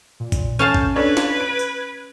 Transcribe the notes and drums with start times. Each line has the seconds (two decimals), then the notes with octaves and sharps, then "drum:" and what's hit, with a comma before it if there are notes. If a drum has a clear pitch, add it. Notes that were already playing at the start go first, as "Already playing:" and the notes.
0.20 A#2
0.32 drum: kick A1, tambourine
0.59 C#4 F5 A5 G6
0.75 drum: kick A1
0.96 D4 A4 B4 C#5 G#6
1.17 drum: snare
1.40 D7
1.59 drum: tambourine